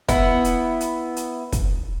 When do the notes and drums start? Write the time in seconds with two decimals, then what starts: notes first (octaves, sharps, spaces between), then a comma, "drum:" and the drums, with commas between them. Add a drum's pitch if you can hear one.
0.08 B3 E4, drum: kick, hi-hat
0.44 drum: hi-hat
0.80 drum: hi-hat
1.16 drum: hi-hat
1.52 drum: kick, hi-hat